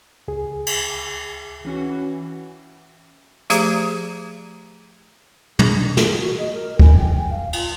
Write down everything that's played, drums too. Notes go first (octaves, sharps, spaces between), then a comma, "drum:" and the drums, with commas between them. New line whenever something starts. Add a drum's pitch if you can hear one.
C#2 G#4
drum: cymbal
E3 C#4 F#4
F3 A3 G4 G#4 C5 A#5, drum: hi-hat
G#4, drum: tom
D#4
G#4, drum: snare
F#4
D#5
A#4
G#5, drum: kick
G5
G#5
F5
F4, drum: cymbal